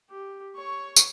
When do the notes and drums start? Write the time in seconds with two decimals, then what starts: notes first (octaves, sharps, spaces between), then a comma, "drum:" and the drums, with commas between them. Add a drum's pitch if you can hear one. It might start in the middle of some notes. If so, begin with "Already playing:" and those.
0.10 G4
0.56 C#5 C#6
0.96 drum: tambourine